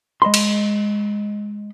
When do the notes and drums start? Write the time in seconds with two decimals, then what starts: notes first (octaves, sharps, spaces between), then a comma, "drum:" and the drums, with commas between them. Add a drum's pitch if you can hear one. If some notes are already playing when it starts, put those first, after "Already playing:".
0.22 G#3 D#5 B5 C6
0.34 drum: cymbal